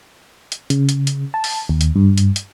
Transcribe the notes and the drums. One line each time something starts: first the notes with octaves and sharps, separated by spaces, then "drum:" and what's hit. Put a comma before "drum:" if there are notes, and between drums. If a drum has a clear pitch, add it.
drum: hi-hat
C#3, drum: hi-hat
drum: hi-hat
drum: hi-hat
A5
drum: open hi-hat
D#2
drum: hi-hat
G2
drum: hi-hat
drum: hi-hat